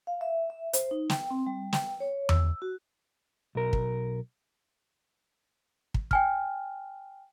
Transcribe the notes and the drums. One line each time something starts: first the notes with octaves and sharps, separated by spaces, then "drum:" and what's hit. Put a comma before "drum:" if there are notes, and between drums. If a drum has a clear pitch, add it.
F5
E5
E5
C5, drum: hi-hat
D#4
G5, drum: snare
C4
G3
G5, drum: snare
C#5
E6, drum: tom E2
F#4
B1 A#4
drum: kick
drum: kick
G5 G#5 F6, drum: kick